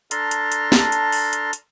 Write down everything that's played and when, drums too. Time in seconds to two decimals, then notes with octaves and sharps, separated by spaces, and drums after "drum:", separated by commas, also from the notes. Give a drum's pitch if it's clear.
0.11 D4 A4 A5 A#5 C6 F6, drum: hi-hat
0.31 drum: hi-hat
0.52 drum: hi-hat
0.72 drum: snare
0.92 drum: hi-hat
1.12 drum: open hi-hat
1.33 drum: hi-hat
1.53 drum: hi-hat